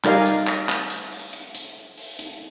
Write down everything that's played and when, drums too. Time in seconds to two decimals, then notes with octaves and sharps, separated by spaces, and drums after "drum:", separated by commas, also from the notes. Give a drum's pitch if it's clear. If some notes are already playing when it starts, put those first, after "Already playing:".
0.04 G3 D#4 A#4 D5 F5 G#5, drum: clap
0.26 drum: hi-hat
0.47 drum: clap
0.69 drum: clap
0.90 drum: hi-hat
1.12 drum: open hi-hat
1.33 drum: hi-hat
1.55 drum: hi-hat
1.98 drum: open hi-hat
2.19 drum: hi-hat